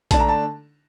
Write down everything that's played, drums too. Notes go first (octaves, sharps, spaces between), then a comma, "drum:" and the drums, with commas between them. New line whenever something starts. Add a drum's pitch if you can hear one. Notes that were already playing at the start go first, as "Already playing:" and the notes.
D3 A3 D4 A5, drum: kick A#1, hi-hat
A#5
A5